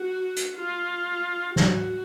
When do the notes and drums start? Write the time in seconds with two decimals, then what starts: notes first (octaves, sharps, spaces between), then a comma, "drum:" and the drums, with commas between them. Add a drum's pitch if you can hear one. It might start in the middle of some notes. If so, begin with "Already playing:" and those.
Already playing: F#4
0.36 drum: hi-hat
0.58 F4
1.56 F#4, drum: snare